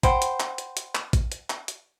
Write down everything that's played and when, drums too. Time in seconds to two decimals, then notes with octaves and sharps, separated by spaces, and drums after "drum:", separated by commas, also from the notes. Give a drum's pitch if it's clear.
0.03 C5 F#5 G5 B5, drum: kick, hi-hat
0.22 drum: hi-hat
0.40 drum: clap
0.58 drum: hi-hat
0.77 drum: hi-hat
0.95 drum: clap
1.13 drum: kick, hi-hat
1.32 drum: hi-hat
1.50 drum: clap
1.68 drum: hi-hat